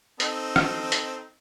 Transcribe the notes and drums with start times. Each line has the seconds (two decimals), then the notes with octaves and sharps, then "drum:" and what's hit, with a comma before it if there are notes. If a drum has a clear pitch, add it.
0.20 C4 D#4 A4, drum: hi-hat
0.56 drum: rim click
0.92 drum: hi-hat